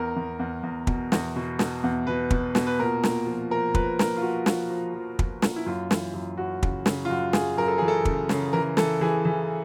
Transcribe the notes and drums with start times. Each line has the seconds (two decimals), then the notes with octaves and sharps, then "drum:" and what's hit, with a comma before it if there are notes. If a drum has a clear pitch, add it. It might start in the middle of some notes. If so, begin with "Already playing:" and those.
Already playing: E2 A#4
0.16 E2
0.39 E2
0.63 E2
0.87 B2, drum: kick
1.12 E2, drum: snare
1.36 B2
1.59 B2, drum: snare
1.84 E2
2.07 B2 B4
2.30 B2, drum: kick
2.55 B2, drum: snare
2.67 B4
2.79 A#2 A#4
3.04 A#2, drum: snare
3.26 F3
3.50 F3 A#4
3.75 F3 B4, drum: kick
3.99 A#2 A#4, drum: snare
4.17 F4
4.22 F3 F#4
4.46 F3, drum: snare
4.70 F3
4.94 F3
5.19 F3, drum: kick
5.42 A#2, drum: snare
5.56 E4
5.66 F#2 F4
5.91 E3, drum: snare
6.14 F#2
6.37 F#2 F#4
6.63 C#3, drum: kick
6.86 C#3, drum: snare
7.05 F4
7.09 F#2 F#4
7.33 F#2 G#4, drum: snare
7.57 F#2 A#4
7.68 A4
7.78 E3 G#4
7.88 A4
8.05 C#3, drum: kick
8.29 C#3, drum: snare
8.53 E3 A#4
8.77 E3 A4, drum: snare
9.01 E3 G#4
9.25 E3